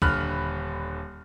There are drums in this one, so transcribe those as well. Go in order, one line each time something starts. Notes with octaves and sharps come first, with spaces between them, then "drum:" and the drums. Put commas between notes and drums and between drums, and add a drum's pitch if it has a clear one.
D#1 D3 B5 F6 F#6, drum: kick